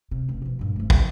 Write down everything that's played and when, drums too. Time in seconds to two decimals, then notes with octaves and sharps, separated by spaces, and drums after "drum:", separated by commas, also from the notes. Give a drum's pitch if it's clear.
0.11 C3
0.29 F1
0.42 B2 F3
0.59 G2 A#2
0.76 G#1 A3
0.90 D2 F#3, drum: kick